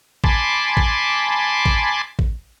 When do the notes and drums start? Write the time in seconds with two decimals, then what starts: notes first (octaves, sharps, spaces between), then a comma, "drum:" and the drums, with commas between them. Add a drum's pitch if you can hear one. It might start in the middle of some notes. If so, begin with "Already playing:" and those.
0.24 G#5 A5 B5 C6 D6, drum: kick A1
0.77 drum: kick A1
1.66 drum: kick A1
2.19 drum: kick A1